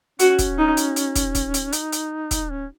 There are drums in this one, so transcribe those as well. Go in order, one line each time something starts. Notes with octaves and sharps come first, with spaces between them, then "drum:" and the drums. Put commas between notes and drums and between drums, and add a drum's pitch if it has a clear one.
C#4 F#4, drum: hi-hat
drum: kick, hi-hat
D#4
drum: hi-hat
drum: hi-hat
drum: kick, hi-hat
drum: kick, hi-hat
drum: hi-hat
D#4, drum: hi-hat
drum: hi-hat
drum: kick, hi-hat
C#4